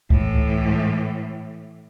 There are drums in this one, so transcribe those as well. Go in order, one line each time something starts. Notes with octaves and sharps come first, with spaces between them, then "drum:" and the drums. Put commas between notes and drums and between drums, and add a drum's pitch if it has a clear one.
A2 E3, drum: kick C#2